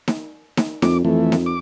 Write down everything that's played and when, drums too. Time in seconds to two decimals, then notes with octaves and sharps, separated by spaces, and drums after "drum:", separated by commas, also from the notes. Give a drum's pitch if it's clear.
0.08 drum: snare D#4
0.57 drum: snare D#4
0.82 F2 D6, drum: snare D#4
1.05 F2 E3 A3
1.32 drum: snare D#4
1.46 D6